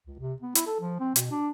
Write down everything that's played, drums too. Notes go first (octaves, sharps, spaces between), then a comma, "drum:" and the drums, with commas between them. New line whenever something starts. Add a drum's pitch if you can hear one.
C#2
C3
B3
E4, drum: hi-hat
A4
F3
C4
B2, drum: hi-hat
D4